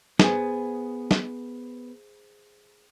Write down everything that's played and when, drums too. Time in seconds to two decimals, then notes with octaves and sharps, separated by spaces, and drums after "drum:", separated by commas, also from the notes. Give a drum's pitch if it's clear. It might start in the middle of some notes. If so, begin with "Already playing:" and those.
0.19 B3 G#4 C5 G#5, drum: snare
1.11 drum: snare